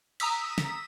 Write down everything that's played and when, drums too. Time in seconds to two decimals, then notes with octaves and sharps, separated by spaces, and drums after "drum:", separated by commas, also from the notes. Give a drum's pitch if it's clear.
0.20 A#5 D#6 E6 B6, drum: cymbal
0.58 drum: snare